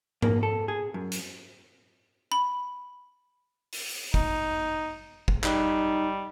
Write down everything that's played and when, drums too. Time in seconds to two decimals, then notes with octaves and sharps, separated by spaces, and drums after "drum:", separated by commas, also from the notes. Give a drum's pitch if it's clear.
0.22 A#3, drum: tom G#2
0.43 A4
0.68 G#4
0.94 F#2
1.12 drum: hi-hat
2.32 B5
3.73 drum: open hi-hat
4.14 D#4, drum: kick
5.28 drum: kick
5.44 G3 D#4, drum: clap